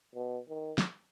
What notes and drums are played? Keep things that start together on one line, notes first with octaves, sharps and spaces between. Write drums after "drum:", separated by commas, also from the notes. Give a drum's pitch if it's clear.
B2
D#3
drum: snare